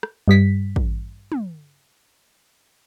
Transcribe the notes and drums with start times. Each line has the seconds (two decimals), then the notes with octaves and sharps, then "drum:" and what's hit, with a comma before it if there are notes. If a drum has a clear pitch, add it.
0.03 drum: rim click
0.28 G2 G3 B6
0.76 drum: kick
1.32 drum: tom